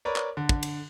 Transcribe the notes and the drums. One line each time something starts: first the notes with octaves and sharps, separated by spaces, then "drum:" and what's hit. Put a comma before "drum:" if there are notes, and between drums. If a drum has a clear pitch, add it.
A#4 B4 C#5 D5
drum: clap
D3
drum: kick
drum: cymbal